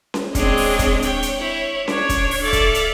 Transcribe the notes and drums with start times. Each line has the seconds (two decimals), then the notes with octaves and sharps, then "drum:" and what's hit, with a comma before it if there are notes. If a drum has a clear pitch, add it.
0.14 drum: snare C#4
0.35 G#3 C4 D4 G#4 C#5 D#5, drum: kick, hi-hat
0.57 drum: open hi-hat
0.79 drum: kick, hi-hat
1.02 C#5 G5, drum: hi-hat
1.22 drum: hi-hat
1.37 E4 C#5
1.88 D4 C#5, drum: snare C#4
2.09 drum: kick, hi-hat
2.31 drum: open hi-hat
2.43 A4 D5 E5 F5
2.53 drum: kick, hi-hat
2.74 drum: hi-hat